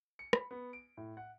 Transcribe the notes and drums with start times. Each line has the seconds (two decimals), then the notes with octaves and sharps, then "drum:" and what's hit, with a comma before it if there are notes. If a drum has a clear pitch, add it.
0.19 C#7
0.33 B5, drum: rim click
0.51 B3
0.73 D7
0.97 A2
1.17 F#5